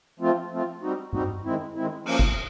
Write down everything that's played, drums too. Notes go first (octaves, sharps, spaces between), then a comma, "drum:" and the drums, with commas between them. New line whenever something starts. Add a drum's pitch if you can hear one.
F3 A3 C4 F4
F3 A3 C4 F4
G3 C4 D#4 F#4
G3 C4 D#4 F#4, drum: tom G2
D#3 G#3 C4 E4
D#3 G#3 C4 E4
F3 A#3 C#4, drum: cymbal
drum: kick